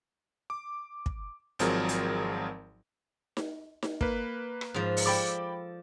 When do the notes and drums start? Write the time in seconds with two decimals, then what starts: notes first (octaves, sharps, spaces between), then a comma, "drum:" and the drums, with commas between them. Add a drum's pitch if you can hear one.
0.50 D6
1.06 drum: kick
1.59 G#1 F3 F#3 C4 G#4 A#4, drum: hi-hat
1.89 drum: hi-hat
3.37 drum: snare D#4
3.83 drum: snare D#4
4.01 A#3 B4, drum: kick
4.61 drum: rim click
4.74 G#2 F3
4.97 drum: open hi-hat
5.06 A4 D5 G5 B5 D6